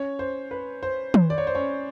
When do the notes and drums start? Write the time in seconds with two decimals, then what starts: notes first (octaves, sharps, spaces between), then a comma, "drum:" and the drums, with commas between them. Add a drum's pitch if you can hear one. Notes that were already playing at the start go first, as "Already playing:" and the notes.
Already playing: C#4 C#5
0.19 C5
0.51 B4
0.83 C5
1.14 drum: tom
1.30 D5
1.38 C#5
1.47 C5
1.55 C#4 C#5